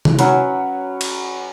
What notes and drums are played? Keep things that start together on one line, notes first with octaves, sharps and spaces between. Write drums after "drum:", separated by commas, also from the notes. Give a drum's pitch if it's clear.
drum: tom C3
F#3 C#4 B4, drum: hi-hat
drum: cymbal